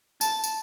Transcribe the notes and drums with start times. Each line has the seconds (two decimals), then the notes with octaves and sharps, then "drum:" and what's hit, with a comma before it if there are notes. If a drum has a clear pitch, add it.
0.21 A5, drum: tambourine
0.44 drum: tambourine